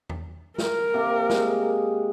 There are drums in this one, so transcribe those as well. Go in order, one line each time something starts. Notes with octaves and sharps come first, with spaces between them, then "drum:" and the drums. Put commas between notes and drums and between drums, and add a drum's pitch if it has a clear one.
drum: tom E2
A#4, drum: snare
C3 A#3
G#3, drum: snare